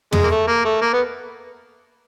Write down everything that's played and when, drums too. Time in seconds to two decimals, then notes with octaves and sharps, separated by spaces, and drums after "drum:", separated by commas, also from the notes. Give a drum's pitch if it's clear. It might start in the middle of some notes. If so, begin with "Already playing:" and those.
0.13 G#3, drum: tom
0.23 A#3
0.31 A3
0.48 A#3
0.64 A3
0.81 A#3
0.93 B3